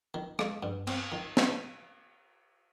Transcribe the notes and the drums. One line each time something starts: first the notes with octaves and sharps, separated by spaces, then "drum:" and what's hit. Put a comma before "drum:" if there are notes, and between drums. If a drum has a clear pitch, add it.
D#3
G#3, drum: rim click
G2
C4, drum: cymbal
D#3
drum: snare